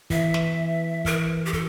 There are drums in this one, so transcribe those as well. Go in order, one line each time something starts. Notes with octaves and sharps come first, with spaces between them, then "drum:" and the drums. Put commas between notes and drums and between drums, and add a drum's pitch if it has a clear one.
E3 E5, drum: kick
drum: snare
E3 A#4, drum: kick
G4
A4, drum: kick